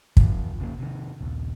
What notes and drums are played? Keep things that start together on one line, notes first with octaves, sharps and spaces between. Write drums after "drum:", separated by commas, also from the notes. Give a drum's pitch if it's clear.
C3 F3, drum: kick
F1 C#3 A#3
C3 D#3
A#1 D#2